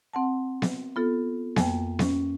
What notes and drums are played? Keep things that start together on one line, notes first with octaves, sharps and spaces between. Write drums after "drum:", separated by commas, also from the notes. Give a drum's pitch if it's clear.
C4 F#5 A5
drum: snare B3
B3 F4 A4
F2 A#3 G5, drum: snare B3
C#4, drum: snare B3